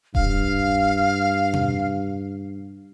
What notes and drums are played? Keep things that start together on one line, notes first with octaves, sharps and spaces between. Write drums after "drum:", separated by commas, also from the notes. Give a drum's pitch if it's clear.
G2 F5, drum: kick D#1
drum: tom B2